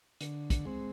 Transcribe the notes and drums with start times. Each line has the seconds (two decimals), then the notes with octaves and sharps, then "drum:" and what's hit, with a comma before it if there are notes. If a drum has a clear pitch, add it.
0.21 D3, drum: hi-hat
0.50 drum: kick, hi-hat
0.65 G#3 C4